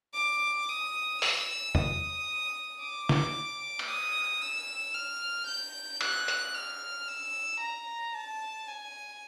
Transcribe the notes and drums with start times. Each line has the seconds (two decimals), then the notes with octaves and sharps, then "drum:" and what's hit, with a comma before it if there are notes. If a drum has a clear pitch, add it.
0.14 D6
0.69 D#6
1.22 E6, drum: open hi-hat
1.75 D#6, drum: tom E2
2.81 D6
3.09 drum: snare
3.79 drum: cymbal
3.88 D#6
4.41 E6
4.94 F6
5.47 G6
6.01 F#6, drum: cymbal
6.28 drum: hi-hat
6.54 F6
7.08 E6
7.60 A#5
8.14 A5
8.67 G#5